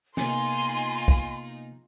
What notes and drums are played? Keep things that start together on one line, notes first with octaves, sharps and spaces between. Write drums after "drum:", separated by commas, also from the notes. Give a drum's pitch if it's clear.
C3 A#3 B3 D#4 F4 G#4 G#5 C6, drum: snare
drum: kick